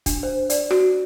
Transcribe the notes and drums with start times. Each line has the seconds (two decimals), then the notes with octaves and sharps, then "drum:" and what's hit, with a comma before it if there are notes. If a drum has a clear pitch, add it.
0.06 D4, drum: kick, hi-hat
0.23 C5
0.50 D5, drum: hi-hat
0.71 F#4, drum: rim click